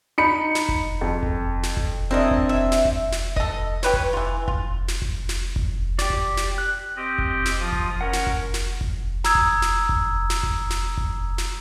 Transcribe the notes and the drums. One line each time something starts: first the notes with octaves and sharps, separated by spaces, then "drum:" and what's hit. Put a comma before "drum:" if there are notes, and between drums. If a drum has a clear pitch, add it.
D#4 B5 C#7
drum: snare
drum: kick F1
F2
drum: kick F1
drum: snare
drum: kick F1
C4 D4 E4 A#4 D#5
drum: kick F1
E5
drum: snare
drum: kick F1
drum: snare
A4 D#5, drum: kick F1
G4 B4 C#5, drum: snare
drum: kick F1
E3 F4
F4, drum: kick F1
drum: snare
drum: kick F1
drum: snare
drum: kick F1
G4 D5, drum: snare
drum: kick F1
drum: snare
F#6
C4 G4 D#5
drum: kick F1
drum: snare
F3 F4 D#6
drum: kick F1
C#4 A#4 F#5
drum: snare
drum: kick F1
drum: snare
drum: kick F1
A#5 D#6 E6 G#6, drum: snare
drum: kick F1
drum: snare
drum: kick F1
drum: snare
drum: kick F1
drum: snare
drum: kick F1
drum: snare